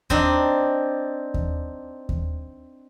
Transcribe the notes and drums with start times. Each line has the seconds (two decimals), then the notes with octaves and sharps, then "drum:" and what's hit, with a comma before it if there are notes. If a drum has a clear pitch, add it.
0.10 C4 D4 D#4, drum: kick D#2
1.34 drum: kick D#2
2.09 drum: kick D#2